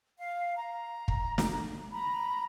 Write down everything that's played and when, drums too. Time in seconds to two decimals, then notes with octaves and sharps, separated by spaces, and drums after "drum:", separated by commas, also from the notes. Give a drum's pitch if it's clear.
0.18 F5
0.55 A#5
1.08 drum: kick
1.38 drum: snare
1.92 A#5 B5